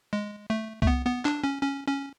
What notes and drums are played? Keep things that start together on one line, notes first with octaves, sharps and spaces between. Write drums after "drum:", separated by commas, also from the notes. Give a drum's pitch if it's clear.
G#3
A3
A3, drum: kick C2
B3
B3
D4, drum: clap
C#4
C#4
C#4